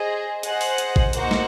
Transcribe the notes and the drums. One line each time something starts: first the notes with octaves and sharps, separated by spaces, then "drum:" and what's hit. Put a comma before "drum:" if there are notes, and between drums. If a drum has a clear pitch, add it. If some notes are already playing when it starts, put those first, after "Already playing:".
Already playing: G#4 C5 D#5
G#4 C5 D#5 F#5, drum: hi-hat
drum: open hi-hat
drum: hi-hat
drum: kick
A#3 D#4 F#4 C5, drum: hi-hat
drum: snare